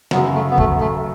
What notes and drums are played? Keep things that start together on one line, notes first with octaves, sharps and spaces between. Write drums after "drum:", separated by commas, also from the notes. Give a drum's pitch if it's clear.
F#2 C#3 F#3 B3, drum: snare
A3
B3
A3, drum: kick
A3